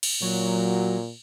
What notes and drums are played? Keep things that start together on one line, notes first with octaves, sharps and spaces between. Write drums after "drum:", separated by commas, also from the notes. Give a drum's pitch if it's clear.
drum: cymbal
A#2 F#3